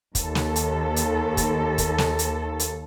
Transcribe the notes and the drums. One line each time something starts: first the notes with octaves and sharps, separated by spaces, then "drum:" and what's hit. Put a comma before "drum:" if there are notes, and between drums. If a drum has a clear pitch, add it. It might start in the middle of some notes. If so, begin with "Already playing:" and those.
D#2 A4, drum: kick, hi-hat
drum: snare
drum: hi-hat
drum: hi-hat
drum: kick, hi-hat
drum: kick, hi-hat
drum: snare
drum: hi-hat
drum: hi-hat